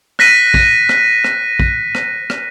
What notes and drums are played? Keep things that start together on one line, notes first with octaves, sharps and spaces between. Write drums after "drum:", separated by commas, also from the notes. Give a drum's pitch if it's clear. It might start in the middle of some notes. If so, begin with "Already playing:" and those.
F#6 A#6 B6 D#7, drum: rim click
drum: kick
drum: rim click
drum: rim click
drum: kick
drum: rim click
drum: rim click